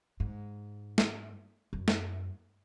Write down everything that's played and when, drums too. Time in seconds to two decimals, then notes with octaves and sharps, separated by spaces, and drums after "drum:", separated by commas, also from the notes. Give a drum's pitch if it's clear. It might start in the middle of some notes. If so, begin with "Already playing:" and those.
0.20 G#2
0.98 drum: snare
1.73 F#2
1.88 drum: snare